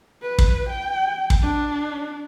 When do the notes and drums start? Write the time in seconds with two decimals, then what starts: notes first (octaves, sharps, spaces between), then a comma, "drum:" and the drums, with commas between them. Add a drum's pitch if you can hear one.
0.22 B4
0.38 drum: kick
0.69 G5
1.30 drum: kick
1.42 D4